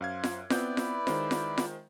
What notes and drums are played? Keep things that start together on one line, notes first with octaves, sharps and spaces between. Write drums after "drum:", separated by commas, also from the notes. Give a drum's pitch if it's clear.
F#2 C5 F5 G#6
drum: snare F4
B3 C4 E4 B4 D5 G6, drum: snare F4
drum: snare F4
D#3 G#3 C5, drum: snare F4
drum: snare F4
drum: snare F4